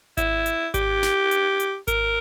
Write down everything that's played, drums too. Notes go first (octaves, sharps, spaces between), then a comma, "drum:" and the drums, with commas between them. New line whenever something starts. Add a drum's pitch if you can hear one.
E4, drum: kick G#1, hi-hat
drum: hi-hat
G4, drum: kick G#1, hi-hat
drum: snare
drum: hi-hat
drum: hi-hat
A#4, drum: kick G#1, hi-hat